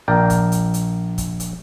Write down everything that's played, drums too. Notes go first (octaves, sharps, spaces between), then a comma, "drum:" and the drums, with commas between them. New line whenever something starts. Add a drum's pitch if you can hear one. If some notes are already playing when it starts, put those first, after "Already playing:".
A#1 A#4 D5 G5
drum: kick, hi-hat
drum: hi-hat
drum: hi-hat
drum: kick, hi-hat
drum: hi-hat